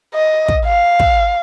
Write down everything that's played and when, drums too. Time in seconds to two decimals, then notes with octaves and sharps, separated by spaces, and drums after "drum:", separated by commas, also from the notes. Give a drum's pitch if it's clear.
0.14 D#5
0.48 drum: kick
0.65 F5
1.00 drum: kick